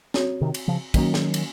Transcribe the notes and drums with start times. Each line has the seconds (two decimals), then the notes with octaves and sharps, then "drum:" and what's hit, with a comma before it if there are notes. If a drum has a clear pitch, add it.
0.14 C4 F#4 C#5, drum: snare
0.41 C3 D#3
0.54 drum: cymbal
0.68 C#3 F3
0.94 D#3 F#3 A#3 C#4 F#4, drum: kick, cymbal
1.14 drum: snare
1.34 drum: cymbal